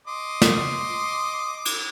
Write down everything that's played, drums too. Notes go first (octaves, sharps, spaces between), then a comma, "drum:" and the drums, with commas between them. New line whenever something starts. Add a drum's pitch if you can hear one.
D#5 C6 D6
drum: snare
drum: cymbal